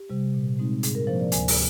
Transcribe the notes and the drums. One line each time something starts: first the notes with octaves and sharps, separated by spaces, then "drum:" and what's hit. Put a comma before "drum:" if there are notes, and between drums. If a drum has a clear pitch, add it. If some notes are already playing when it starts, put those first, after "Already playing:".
Already playing: G4
C3 G3
A#2
G#3 C4 D#4
G#2 G#4, drum: hi-hat
A#4
F3 A#3 D4 C5
D5
D2 G#5, drum: hi-hat
drum: open hi-hat